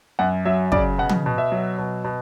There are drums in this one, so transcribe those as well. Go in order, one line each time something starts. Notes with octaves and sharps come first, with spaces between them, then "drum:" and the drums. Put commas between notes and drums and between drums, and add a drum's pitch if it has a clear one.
F#2 F#5
F#3 E5
C#3 D5, drum: kick
B2 F#5
drum: tom
B2
E5
F#3
B2
B2